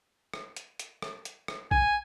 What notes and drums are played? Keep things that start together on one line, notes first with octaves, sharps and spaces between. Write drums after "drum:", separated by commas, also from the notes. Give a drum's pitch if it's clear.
drum: rim click
drum: hi-hat
drum: hi-hat
drum: rim click
drum: hi-hat
drum: rim click
G#5, drum: kick A#1